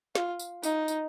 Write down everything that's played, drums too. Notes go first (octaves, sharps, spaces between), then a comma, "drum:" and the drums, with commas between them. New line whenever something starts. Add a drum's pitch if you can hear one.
F4, drum: snare
drum: tambourine
D#4, drum: tambourine
drum: tambourine